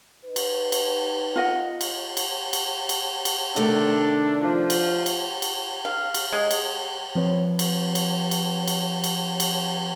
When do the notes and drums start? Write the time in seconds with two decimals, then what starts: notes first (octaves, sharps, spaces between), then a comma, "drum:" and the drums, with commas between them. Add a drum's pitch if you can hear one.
0.25 D#4 B4
0.36 drum: cymbal
0.72 drum: cymbal
1.36 F4 D#5 F#5
1.81 drum: cymbal
2.17 drum: cymbal
2.53 drum: cymbal
2.89 drum: cymbal
3.25 drum: cymbal
3.56 C3 D#3 A3 D4 A4
4.41 F3
4.70 drum: cymbal
5.06 drum: cymbal
5.42 drum: cymbal
5.85 F5
6.14 drum: cymbal
6.33 G#3
6.51 drum: cymbal
7.15 F3 C4 B4 C#5
7.59 drum: cymbal
7.95 drum: cymbal
8.31 drum: cymbal
8.67 drum: cymbal
9.04 drum: cymbal
9.40 drum: cymbal